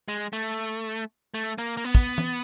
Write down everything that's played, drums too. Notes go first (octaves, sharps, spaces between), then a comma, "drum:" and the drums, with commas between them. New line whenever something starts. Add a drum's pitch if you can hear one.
G#3
A3
A3
A#3
A#3
B3
drum: kick
drum: tom E3